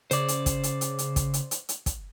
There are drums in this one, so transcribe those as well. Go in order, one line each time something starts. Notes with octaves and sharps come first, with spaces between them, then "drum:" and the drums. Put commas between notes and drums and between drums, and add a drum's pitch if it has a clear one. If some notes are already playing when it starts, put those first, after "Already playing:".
C#3 C5 D5, drum: hi-hat
drum: hi-hat
drum: kick, hi-hat
drum: hi-hat
drum: hi-hat
drum: hi-hat
drum: kick, hi-hat
drum: hi-hat
drum: hi-hat
drum: hi-hat
drum: kick, hi-hat